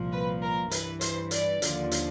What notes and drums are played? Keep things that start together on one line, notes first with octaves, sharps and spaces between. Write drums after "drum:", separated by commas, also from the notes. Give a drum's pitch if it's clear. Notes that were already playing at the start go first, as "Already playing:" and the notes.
Already playing: C2 A#2 F3
B4
A#4
G2 E3 B4, drum: hi-hat
C5, drum: hi-hat
D5, drum: hi-hat
D#2 D3 F3, drum: hi-hat
drum: hi-hat